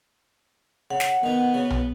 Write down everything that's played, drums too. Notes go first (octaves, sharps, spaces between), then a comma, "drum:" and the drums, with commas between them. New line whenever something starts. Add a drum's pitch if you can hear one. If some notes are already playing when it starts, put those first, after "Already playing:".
C#3 F#5
drum: snare
D#3 B3 D#4
C#3 F#4
drum: tom B1